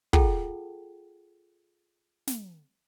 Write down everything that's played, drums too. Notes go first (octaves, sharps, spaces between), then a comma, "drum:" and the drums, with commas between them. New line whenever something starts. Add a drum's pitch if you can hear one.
F4 G#4 A4 F#5 G5 A5, drum: kick
drum: snare